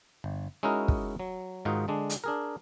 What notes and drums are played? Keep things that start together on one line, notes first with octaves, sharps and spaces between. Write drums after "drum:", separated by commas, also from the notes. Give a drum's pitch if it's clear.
G1
G#3 C#4 D#4 E4 F#4 A#4
drum: kick
F#3
G#2 D#3 D#4 F4 F#4
D3 G#3 D4
drum: hi-hat
D4 G#4 A#4